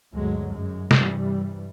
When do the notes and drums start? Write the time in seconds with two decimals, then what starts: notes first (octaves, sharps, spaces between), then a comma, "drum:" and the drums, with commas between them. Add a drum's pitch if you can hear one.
0.13 G1 D2 F#3 G#3
0.47 F#2 G#3
0.91 G2 C3 E3 G3, drum: snare